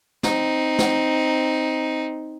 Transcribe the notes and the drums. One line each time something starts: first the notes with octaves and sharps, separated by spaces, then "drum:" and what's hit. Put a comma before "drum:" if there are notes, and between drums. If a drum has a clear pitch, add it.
C4 D#4, drum: snare
drum: snare